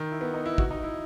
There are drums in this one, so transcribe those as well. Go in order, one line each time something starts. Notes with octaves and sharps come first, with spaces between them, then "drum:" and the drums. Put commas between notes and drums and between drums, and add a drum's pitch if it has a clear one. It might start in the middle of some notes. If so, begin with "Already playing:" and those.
Already playing: D#3
E4
B3
D#4
E4
F#4, drum: kick
D#4
E4